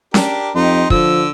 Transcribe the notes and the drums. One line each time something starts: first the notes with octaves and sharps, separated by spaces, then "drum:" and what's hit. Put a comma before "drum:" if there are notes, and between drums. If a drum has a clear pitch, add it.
D4 G4 A#4, drum: snare C#4
F2 D#4 G4 C6
D3 F3 E6, drum: kick